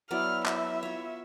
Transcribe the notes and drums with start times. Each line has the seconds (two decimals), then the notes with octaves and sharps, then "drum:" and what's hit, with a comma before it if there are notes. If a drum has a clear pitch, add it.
0.11 F#3 B3 E4 D5 F6
0.46 E5, drum: clap
0.83 F4 C#5